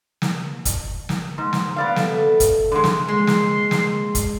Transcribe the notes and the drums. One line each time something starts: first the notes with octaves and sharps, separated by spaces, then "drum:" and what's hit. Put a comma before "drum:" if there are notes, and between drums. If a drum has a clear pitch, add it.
drum: snare
drum: kick, hi-hat
drum: snare
G#2
drum: snare
B3 D5 F5
A3, drum: snare
drum: kick, hi-hat
D3 G#3
drum: snare
G#3 C6
drum: snare
drum: snare
drum: kick, hi-hat